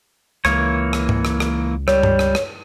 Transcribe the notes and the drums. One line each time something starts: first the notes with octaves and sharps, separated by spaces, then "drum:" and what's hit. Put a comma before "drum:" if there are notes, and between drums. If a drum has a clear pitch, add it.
C#2 E3 A#3 C#5, drum: rim click
drum: rim click
drum: tom G#2
drum: rim click
drum: rim click
G3 C#5, drum: rim click
drum: tom G2
drum: rim click
drum: rim click